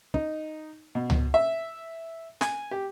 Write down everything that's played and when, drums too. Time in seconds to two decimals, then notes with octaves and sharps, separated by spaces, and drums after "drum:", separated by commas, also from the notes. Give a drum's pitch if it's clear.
0.14 D#4, drum: kick
0.95 B2
1.10 drum: tom C#2
1.34 E5
2.41 G#5, drum: snare
2.71 G4